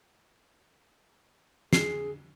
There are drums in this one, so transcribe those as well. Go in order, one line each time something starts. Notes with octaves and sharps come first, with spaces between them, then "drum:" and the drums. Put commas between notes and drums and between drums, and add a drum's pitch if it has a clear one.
G#4 C7, drum: snare